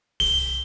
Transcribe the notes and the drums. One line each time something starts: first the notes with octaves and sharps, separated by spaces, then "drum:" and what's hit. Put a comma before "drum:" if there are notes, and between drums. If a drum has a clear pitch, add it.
G7, drum: kick C2, open hi-hat